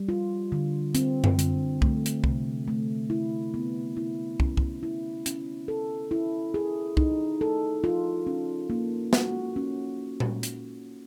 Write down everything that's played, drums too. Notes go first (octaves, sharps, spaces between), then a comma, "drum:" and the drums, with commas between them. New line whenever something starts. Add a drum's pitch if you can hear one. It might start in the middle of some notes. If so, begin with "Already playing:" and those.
Already playing: G3
F4
D3
C4, drum: hi-hat
drum: tom F#2
D3, drum: hi-hat
A3, drum: kick
drum: hi-hat
C3, drum: kick
A3
E4
B3
E4
C#4, drum: kick
drum: kick
E4
C#4, drum: hi-hat
A4
E4
G#4
D#4, drum: kick
A4
F4
C#4
A#3
F#4, drum: snare
C#4
drum: tom A#2
drum: hi-hat